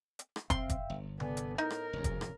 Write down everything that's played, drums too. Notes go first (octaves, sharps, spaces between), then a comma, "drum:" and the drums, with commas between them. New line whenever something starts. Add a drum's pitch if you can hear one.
drum: hi-hat
drum: rim click
C4 E5 F5 G5 C6, drum: kick, hi-hat
drum: kick, hi-hat
G1
B3 A4 D5 G#5, drum: tom C3
drum: hi-hat
A2 D#4 A#4
drum: rim click
F1 D2 C#3
drum: kick, hi-hat
drum: rim click